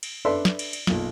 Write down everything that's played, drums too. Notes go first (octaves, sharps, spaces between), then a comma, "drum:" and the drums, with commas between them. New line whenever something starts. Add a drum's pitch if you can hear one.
drum: cymbal
D4 A4 B4 D5 E5 C6
drum: snare
drum: cymbal
drum: cymbal
B1 A#2, drum: snare